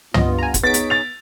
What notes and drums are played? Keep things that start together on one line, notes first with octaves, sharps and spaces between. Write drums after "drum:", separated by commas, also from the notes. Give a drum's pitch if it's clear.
G2 B3 F4 D#5, drum: tom
G#5 A#5
drum: kick, hi-hat
B3 D#4 G#4 C#5 A6 B6 D7
drum: hi-hat
A6 F7